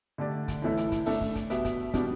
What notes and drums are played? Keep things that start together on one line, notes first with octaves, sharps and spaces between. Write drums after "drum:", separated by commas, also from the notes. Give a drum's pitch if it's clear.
D3 A3 G4 D5
drum: kick, hi-hat
A2 E3 A3 E4 A4
drum: hi-hat
drum: kick, hi-hat
A3 D4 A4 E5, drum: open hi-hat
drum: kick
drum: kick, hi-hat
B2 B3 G4 E5, drum: hi-hat
drum: kick, hi-hat
B2 G3 B3 D4, drum: kick, hi-hat